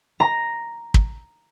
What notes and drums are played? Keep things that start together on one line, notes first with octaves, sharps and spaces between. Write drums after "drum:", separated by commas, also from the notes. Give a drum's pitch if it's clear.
A#5
drum: kick